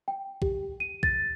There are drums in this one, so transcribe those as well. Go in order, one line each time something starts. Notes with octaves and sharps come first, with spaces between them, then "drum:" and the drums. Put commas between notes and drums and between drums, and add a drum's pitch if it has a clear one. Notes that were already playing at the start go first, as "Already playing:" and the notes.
G5
G4, drum: kick
D#7
A6, drum: kick